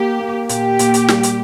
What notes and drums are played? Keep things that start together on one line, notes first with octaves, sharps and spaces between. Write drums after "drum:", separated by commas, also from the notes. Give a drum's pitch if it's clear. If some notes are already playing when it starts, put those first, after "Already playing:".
Already playing: A#3 G4
A#3
A#2 G4, drum: hi-hat
A#2, drum: hi-hat
drum: hi-hat
G3, drum: snare
drum: hi-hat